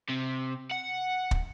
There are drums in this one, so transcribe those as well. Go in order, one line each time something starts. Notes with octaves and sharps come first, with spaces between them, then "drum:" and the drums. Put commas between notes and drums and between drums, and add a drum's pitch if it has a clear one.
C3
F#5
drum: kick